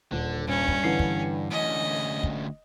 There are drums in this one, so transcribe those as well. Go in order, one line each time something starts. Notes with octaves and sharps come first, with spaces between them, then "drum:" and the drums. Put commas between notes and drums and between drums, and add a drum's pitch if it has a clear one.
D#1 D3
G2 C#4
drum: kick
D3 E3 C7
drum: kick
D2 C#4 D#5
drum: kick